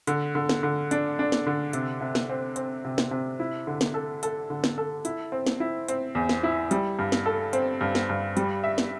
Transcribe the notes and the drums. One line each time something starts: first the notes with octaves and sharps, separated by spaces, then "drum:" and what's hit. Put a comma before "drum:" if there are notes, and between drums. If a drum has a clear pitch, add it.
D3, drum: hi-hat
D3
drum: snare
D3
D4, drum: hi-hat
D4
drum: snare
D3
C3, drum: hi-hat
C3
drum: snare
C4
C4, drum: hi-hat
C3
drum: snare
C3
E4
D3
drum: snare
A4
A4, drum: hi-hat
D3
drum: snare
A4
E4, drum: hi-hat
C4
drum: snare
E4
C4, drum: hi-hat
E2
drum: snare
E4
G3, drum: hi-hat
G2
drum: snare
A4
C4, drum: hi-hat
G2
drum: snare
G2
G3, drum: hi-hat
E5
drum: snare